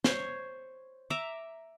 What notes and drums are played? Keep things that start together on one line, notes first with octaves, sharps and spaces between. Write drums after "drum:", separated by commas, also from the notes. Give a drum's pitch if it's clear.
C5 C#5, drum: snare
E5 A#5 D6